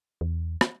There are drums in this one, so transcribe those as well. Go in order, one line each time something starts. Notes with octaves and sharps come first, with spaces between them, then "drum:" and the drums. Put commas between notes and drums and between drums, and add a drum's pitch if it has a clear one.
E2
drum: rim click